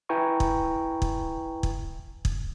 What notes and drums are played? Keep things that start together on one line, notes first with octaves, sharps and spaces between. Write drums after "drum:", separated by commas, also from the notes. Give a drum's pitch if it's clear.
E4 B4 G5 G#5 A#5 C#6
drum: kick
drum: kick
drum: kick
drum: kick